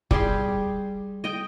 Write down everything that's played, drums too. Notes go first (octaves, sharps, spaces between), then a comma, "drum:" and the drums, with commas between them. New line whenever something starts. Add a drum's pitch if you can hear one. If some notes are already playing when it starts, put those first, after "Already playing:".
G3 G4 G#4 C6, drum: kick
D#5 G5